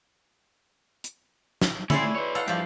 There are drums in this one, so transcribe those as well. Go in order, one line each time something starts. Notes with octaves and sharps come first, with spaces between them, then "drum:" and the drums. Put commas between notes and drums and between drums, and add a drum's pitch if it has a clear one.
drum: hi-hat
drum: snare
C#4 E4 G#4 C5 D5, drum: tom D3
A3
B4 C#5
A4 F5 F#5
G2 F3 G4